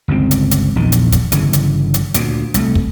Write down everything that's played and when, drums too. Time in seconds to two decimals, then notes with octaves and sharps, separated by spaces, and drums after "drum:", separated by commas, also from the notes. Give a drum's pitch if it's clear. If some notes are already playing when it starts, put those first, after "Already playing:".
0.08 G1 C#2 D3 C4
0.31 drum: hi-hat
0.51 drum: hi-hat
0.76 A#1 E2 D#3
0.92 drum: hi-hat
1.12 drum: kick, hi-hat
1.32 G1 C#3 E3, drum: hi-hat
1.53 drum: hi-hat
1.94 drum: hi-hat
2.14 D2 A#2, drum: hi-hat
2.54 C2 A3, drum: hi-hat
2.75 drum: kick